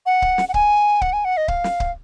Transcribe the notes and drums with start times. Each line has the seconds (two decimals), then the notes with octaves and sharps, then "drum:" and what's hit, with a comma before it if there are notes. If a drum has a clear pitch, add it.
0.06 F#5
0.22 drum: kick C#1
0.38 drum: snare
0.49 F#5
0.54 G#5, drum: kick C#1
1.01 F#5, drum: kick C#1
1.13 G#5
1.25 F#5
1.37 D#5
1.48 F5, drum: kick C#1
1.64 drum: snare
1.80 drum: kick C#1